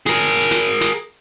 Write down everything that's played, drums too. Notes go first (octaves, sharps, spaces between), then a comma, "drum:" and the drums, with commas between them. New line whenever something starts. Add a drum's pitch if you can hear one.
G#4 A#4, drum: snare
drum: hi-hat
drum: snare
drum: hi-hat
drum: snare
drum: hi-hat